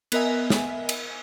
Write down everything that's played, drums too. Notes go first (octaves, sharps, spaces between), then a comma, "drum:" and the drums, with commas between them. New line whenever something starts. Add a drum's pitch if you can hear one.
B3 A#4 D#5 E5 G#5, drum: cymbal
drum: snare
drum: cymbal